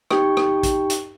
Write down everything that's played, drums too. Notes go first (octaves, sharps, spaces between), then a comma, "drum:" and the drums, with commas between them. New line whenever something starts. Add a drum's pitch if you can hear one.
D#4 G4 G5 C#6, drum: rim click
drum: rim click
drum: kick A1, hi-hat
drum: hi-hat